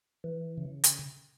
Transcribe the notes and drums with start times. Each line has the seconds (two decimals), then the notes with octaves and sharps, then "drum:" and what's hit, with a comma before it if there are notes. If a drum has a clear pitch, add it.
0.24 E3
0.58 C#3
0.84 drum: hi-hat